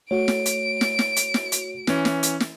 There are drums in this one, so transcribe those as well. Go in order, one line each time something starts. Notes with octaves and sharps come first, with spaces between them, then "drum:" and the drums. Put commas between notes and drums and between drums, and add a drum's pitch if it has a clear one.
A3 F#4 C#5 D7
drum: snare
drum: hi-hat
drum: snare
drum: snare
drum: hi-hat
drum: snare
drum: hi-hat
E3 C#4, drum: snare
drum: snare
drum: hi-hat
drum: snare